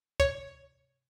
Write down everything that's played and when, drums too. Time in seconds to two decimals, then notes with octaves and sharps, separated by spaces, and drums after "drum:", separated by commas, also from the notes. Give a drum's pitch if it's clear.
0.20 C#5, drum: kick